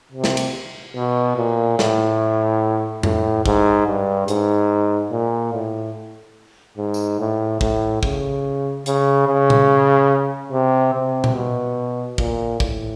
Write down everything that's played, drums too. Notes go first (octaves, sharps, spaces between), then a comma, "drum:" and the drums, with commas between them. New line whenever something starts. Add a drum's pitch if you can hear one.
C3
drum: snare
drum: cymbal
B2
A#2
A2, drum: snare
A2, drum: tom F2
G#2, drum: kick
G2
G#2, drum: hi-hat
A#2
A2
G#2
drum: tambourine
A2
A2, drum: kick
C#3, drum: kick
C#3, drum: hi-hat
C#3
drum: tom A#2
C3
C3
drum: tom A#2
B2
A#2, drum: kick
A2, drum: kick